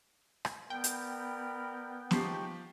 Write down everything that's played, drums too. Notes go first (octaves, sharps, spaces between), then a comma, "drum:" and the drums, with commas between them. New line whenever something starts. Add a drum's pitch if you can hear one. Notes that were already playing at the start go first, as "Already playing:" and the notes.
drum: rim click
B3 A#4 D5 G5 B5
drum: hi-hat
F3 G#3 D#4 G4 C#6 C7, drum: snare B3